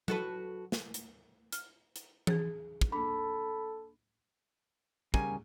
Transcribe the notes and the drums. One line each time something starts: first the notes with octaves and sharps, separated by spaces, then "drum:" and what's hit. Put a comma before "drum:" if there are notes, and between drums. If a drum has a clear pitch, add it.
F#4 A4 B4, drum: tom F#3
drum: snare
drum: hi-hat
F6, drum: hi-hat
drum: hi-hat
G#4 A6, drum: tom E3
drum: kick
A#3 D4 A4 B5
C#3 G3 A#4 G#5, drum: kick